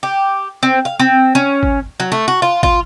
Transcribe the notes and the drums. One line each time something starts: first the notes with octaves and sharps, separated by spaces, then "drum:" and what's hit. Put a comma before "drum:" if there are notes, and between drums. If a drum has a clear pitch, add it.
G4
C4
F5
C4
C#4
drum: kick
F#3
A3
F#4
F4
F4, drum: kick